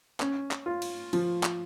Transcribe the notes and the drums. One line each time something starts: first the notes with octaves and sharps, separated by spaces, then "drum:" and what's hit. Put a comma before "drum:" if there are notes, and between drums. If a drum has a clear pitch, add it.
C#4, drum: clap
drum: clap
F4
drum: cymbal
F3, drum: cymbal
drum: clap